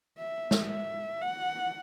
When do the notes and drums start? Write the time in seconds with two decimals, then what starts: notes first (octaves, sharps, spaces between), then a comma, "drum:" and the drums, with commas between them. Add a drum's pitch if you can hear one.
0.18 E5
0.51 drum: snare
0.70 E5
1.22 F#5